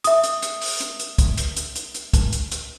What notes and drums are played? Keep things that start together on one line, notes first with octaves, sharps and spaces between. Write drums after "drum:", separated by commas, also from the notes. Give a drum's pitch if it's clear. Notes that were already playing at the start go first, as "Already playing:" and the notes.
E5 D#6, drum: hi-hat
drum: hi-hat
drum: hi-hat
drum: open hi-hat
drum: hi-hat
drum: hi-hat
drum: kick, hi-hat
drum: hi-hat
drum: hi-hat
drum: hi-hat
drum: hi-hat
drum: kick, hi-hat
drum: hi-hat
drum: hi-hat